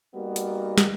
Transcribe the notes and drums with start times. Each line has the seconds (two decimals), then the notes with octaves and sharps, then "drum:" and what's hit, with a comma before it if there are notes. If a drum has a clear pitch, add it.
0.15 G3 A#3 B3 D#4 F#4
0.36 drum: hi-hat
0.78 drum: snare